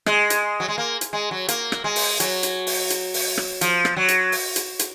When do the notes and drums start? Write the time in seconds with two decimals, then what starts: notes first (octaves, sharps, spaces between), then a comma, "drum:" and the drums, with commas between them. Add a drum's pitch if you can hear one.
0.06 G#3, drum: rim click
0.30 drum: hi-hat
0.60 F#3
0.68 G#3
0.78 A#3
1.01 drum: hi-hat
1.13 G#3
1.31 F#3
1.48 A#3, drum: hi-hat
1.72 drum: rim click
1.84 G#3
1.96 drum: open hi-hat
2.20 F#3, drum: hi-hat
2.43 drum: hi-hat
2.67 drum: open hi-hat
2.90 drum: hi-hat
3.14 drum: open hi-hat
3.38 drum: rim click
3.61 F3, drum: hi-hat
3.85 drum: rim click
3.96 F#3
4.08 drum: hi-hat
4.32 drum: open hi-hat
4.56 drum: hi-hat
4.79 drum: hi-hat